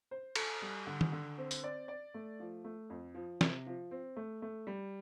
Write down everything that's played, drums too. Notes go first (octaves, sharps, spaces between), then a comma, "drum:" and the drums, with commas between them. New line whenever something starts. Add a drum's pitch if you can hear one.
C5
A4, drum: cymbal
G3
D3
drum: tom
D3
C4
drum: tambourine
D5
D5
A3
F3
A3
F2
F3
C3, drum: snare
F3
C4
A3
A3
G3